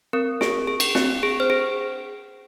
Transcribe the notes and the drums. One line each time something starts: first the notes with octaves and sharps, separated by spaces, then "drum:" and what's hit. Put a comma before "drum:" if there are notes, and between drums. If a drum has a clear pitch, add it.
C4 A#4
G#4, drum: snare
G#4
drum: cymbal
C4, drum: snare
G#4
C5
G#4